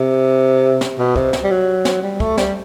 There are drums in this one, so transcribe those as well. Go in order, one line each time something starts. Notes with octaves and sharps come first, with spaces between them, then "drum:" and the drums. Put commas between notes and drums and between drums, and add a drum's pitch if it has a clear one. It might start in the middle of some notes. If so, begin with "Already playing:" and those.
Already playing: C3
drum: snare
B2
C3, drum: kick
drum: snare
G3
F#3
drum: snare
G3
A3, drum: kick
G3, drum: snare